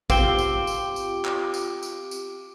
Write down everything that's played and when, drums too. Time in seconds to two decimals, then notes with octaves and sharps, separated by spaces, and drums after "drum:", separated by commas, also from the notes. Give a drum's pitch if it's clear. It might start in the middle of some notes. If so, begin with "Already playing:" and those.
0.10 C4 F4 G4 G5 D6 D7 G7, drum: kick, tambourine
0.38 drum: tambourine
0.67 drum: tambourine
0.96 drum: tambourine
1.25 drum: clap
1.54 drum: tambourine
1.83 drum: tambourine
2.11 drum: tambourine